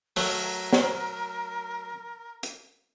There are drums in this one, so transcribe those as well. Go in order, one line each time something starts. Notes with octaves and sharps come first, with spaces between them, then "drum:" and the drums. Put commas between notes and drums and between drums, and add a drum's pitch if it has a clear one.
F#3 A3 A#4, drum: open hi-hat
drum: snare
drum: hi-hat